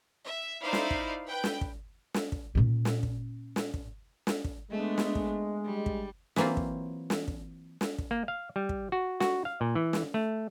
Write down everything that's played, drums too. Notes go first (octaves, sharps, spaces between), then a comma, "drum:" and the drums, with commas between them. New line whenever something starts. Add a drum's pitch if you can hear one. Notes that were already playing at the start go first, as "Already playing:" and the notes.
E5
D#4 E4 C5 D5 F5
drum: snare
drum: kick
B4 G5
drum: snare
drum: kick
drum: snare
drum: kick
A#2 C#4
drum: snare
drum: kick
drum: snare
drum: kick
drum: snare
drum: kick
G#3 A3 B3 D4
drum: snare
drum: kick
G3
drum: kick
E3 F#3 A#3 C4 F4, drum: snare
drum: kick
drum: snare
drum: kick
drum: snare
drum: kick
A#3
F5
G3
drum: kick
F#4
F#4, drum: snare
F5
A#2
E3
drum: snare
A3